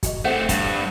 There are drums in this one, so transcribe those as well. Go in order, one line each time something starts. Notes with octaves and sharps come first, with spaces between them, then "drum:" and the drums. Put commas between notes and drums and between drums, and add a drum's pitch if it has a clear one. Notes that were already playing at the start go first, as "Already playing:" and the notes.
F#4 A#4 D#5, drum: kick, hi-hat
A3 C4 C5 F#5
G2, drum: kick, hi-hat